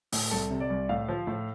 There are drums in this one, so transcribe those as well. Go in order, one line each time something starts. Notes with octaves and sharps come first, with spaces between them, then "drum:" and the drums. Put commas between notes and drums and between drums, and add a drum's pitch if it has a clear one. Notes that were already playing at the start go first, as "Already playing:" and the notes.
A2, drum: open hi-hat
C2 A4
C3
D5
C2
A2 F5
F3
A2